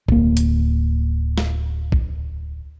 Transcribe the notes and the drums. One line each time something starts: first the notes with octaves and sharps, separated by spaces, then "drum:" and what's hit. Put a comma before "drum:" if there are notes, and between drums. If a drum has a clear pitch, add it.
D1 A#3, drum: kick A#1
drum: hi-hat
drum: snare
drum: kick A#1